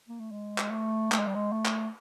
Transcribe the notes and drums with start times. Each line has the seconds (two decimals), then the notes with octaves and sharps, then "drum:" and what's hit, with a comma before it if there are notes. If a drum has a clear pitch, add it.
0.08 A#3
0.20 A3
0.32 G#3
0.58 drum: clap
0.71 A3
1.12 A3, drum: clap
1.19 G#3
1.27 G3
1.35 G#3
1.52 A3
1.65 drum: clap